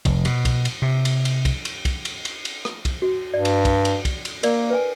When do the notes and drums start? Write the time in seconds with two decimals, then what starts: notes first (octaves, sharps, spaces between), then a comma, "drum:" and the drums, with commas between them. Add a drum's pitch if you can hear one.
0.05 F1, drum: kick, cymbal
0.25 B2, drum: cymbal
0.45 drum: kick, cymbal
0.65 drum: cymbal
0.82 C3
1.05 drum: cymbal
1.25 drum: cymbal
1.45 drum: kick, cymbal
1.65 drum: cymbal
1.85 drum: kick, cymbal
2.05 drum: cymbal
2.25 drum: cymbal
2.45 drum: cymbal
2.65 drum: rim click
2.85 drum: kick, cymbal
3.02 F#4
3.34 G2 D5
3.45 drum: cymbal
3.65 drum: kick, cymbal
3.85 drum: cymbal
4.05 drum: kick, cymbal
4.25 drum: cymbal
4.43 A#3 A#4 D5, drum: cymbal
4.70 B4 G5 G#5